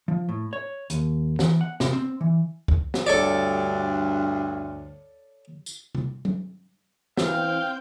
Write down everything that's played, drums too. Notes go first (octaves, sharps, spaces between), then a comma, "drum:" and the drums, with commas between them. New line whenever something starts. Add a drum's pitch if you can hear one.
F3
A2
C#5
D#2, drum: hi-hat
E3, drum: snare
F#5
C3, drum: snare
C4
E3
drum: kick
drum: snare
D2 G2 A4 C#5 D5
drum: tambourine
drum: tom C3
drum: tom F#3
E3 C4 F5 G5 G6, drum: snare